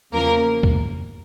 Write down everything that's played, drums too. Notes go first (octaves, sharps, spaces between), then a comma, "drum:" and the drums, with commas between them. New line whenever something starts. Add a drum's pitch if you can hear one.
E2 C#3 F3 A#3 A#4
drum: kick